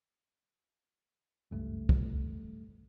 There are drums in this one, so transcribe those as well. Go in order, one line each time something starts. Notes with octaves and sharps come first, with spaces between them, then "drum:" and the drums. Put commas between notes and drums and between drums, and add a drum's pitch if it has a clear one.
F#1 C#2 G2 G3 A3
drum: kick